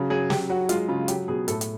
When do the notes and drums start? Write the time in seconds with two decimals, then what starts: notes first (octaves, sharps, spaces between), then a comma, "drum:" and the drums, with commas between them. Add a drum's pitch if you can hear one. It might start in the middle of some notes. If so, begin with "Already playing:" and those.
Already playing: C#3 F#3
0.10 F#3 G#4
0.30 F#3 G4, drum: snare
0.49 F#3 F#4
0.69 G#3 F4, drum: hi-hat
0.88 C#3 F4
1.08 F#3 G4, drum: hi-hat
1.28 B2 G#4
1.48 A2 A4, drum: hi-hat
1.61 drum: hi-hat